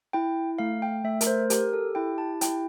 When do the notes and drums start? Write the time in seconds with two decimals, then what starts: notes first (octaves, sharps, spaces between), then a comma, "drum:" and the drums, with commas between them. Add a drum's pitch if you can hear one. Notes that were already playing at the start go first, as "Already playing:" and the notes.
0.13 E4 G5
0.58 A3 F5
0.82 G5
1.04 A3 E5
1.21 A#4, drum: hi-hat
1.27 C5
1.50 G4 A#4, drum: hi-hat
1.73 A4
1.95 E4 G5
2.18 A5
2.41 E4 G5, drum: hi-hat